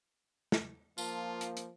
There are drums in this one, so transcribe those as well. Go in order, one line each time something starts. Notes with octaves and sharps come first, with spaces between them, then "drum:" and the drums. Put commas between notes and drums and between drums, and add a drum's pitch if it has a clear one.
drum: snare
F3 A#3 F4 A5, drum: tambourine
drum: hi-hat
drum: hi-hat